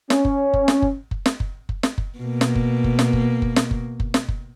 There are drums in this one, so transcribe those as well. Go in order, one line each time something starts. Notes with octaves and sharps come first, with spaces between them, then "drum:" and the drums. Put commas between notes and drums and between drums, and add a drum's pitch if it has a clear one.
C#4, drum: snare
drum: kick F#1
drum: kick F#1
drum: snare
drum: kick F#1
drum: kick F#1
drum: snare
drum: kick F#1
drum: kick F#1
drum: snare
drum: kick F#1
B2 A#3
drum: snare
drum: kick F#1
drum: kick F#1
drum: snare
drum: kick F#1
drum: kick F#1
drum: snare
drum: kick F#1
drum: kick F#1
drum: snare
drum: kick F#1